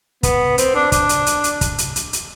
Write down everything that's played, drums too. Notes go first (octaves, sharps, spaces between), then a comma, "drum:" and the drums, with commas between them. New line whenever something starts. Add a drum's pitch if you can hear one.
B3, drum: kick, hi-hat
C4, drum: hi-hat
D4
D4, drum: kick, hi-hat
drum: hi-hat
drum: hi-hat
drum: hi-hat
drum: kick, hi-hat
drum: hi-hat
drum: hi-hat
drum: hi-hat